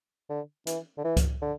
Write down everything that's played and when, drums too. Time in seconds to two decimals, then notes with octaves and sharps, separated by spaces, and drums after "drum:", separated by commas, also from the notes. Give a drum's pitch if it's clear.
0.29 D3
0.67 E3, drum: hi-hat
0.98 D3
1.04 E3
1.17 drum: kick C#2, hi-hat
1.42 D3